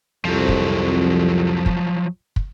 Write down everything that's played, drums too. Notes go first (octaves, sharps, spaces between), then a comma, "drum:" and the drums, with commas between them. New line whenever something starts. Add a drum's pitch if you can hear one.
C2 F2 F3 F#3
drum: kick
drum: kick
drum: kick